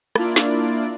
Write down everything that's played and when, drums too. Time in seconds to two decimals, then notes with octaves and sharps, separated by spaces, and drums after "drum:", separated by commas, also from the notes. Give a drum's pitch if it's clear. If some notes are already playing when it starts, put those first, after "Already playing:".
0.16 A#3 D4 E4 F4 D5, drum: rim click
0.36 drum: snare